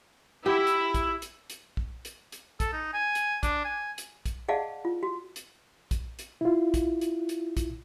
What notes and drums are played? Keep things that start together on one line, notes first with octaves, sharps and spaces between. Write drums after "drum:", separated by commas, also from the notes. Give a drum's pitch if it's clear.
E4 G4
drum: hi-hat
drum: kick, hi-hat
drum: hi-hat
drum: hi-hat
drum: kick
drum: hi-hat
drum: hi-hat
A4, drum: kick, hi-hat
D#4
G#5
drum: hi-hat
D4, drum: kick, hi-hat
G#5
drum: hi-hat
drum: kick, hi-hat
G#4 D5 D#5 F5 F#5 A5
F4
F#4
drum: hi-hat
drum: kick, hi-hat
drum: hi-hat
E4 F4
drum: kick, hi-hat
drum: hi-hat
drum: hi-hat
drum: kick, hi-hat